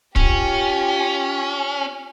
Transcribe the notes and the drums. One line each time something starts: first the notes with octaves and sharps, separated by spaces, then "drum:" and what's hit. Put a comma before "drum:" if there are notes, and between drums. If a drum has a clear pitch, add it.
C#4 F4 G4, drum: kick